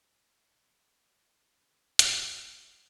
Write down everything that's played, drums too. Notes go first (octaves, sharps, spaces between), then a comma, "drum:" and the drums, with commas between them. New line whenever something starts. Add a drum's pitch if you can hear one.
A1 G#5
C4 D#4 E4 G5 G#5 C6
C3 F#3 F#4 A4 B4, drum: hi-hat